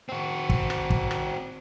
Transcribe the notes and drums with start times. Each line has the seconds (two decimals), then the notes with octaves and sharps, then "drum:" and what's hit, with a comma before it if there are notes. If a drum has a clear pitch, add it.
0.09 C4 F#4
0.50 drum: kick
0.70 drum: rim click
0.90 drum: kick
1.11 drum: rim click